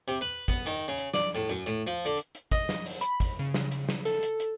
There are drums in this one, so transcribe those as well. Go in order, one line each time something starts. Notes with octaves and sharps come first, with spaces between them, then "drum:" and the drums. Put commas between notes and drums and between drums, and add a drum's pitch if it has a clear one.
C3
B4
B3, drum: kick, hi-hat
D#3, drum: hi-hat
C#3
drum: hi-hat
D5, drum: snare
A2, drum: hi-hat
F#2, drum: hi-hat
A2, drum: hi-hat
F3
D3
drum: hi-hat
drum: hi-hat
D#5, drum: kick, hi-hat
drum: snare
drum: open hi-hat
B5, drum: hi-hat
drum: kick, hi-hat
C#3
drum: snare
drum: hi-hat
drum: snare
A4, drum: hi-hat
drum: hi-hat
drum: hi-hat